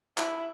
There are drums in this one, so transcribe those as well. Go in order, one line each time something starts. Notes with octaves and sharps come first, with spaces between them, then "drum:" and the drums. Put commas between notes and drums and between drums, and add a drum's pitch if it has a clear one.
E4, drum: clap